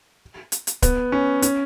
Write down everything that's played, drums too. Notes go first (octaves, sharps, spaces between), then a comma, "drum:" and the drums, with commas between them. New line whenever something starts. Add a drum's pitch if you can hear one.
drum: hi-hat
drum: hi-hat
B3, drum: kick D1, hi-hat
C#4
C#4, drum: hi-hat